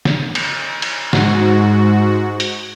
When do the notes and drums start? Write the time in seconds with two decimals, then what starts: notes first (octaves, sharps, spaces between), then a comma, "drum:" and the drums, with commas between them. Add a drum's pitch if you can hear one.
0.05 drum: snare
0.35 drum: cymbal
0.82 drum: cymbal
1.13 G#2 F#4, drum: snare
2.40 drum: hi-hat